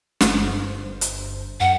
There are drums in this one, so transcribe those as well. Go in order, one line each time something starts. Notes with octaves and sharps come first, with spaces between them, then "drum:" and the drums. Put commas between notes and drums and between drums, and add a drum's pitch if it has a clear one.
G1 G2 C5, drum: snare
drum: hi-hat
F#2 F#5